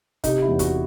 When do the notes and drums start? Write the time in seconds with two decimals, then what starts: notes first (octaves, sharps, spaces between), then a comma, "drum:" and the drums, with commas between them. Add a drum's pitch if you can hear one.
0.24 C3 D#4, drum: kick, hi-hat
0.42 E4
0.48 E2
0.59 F#4, drum: kick, hi-hat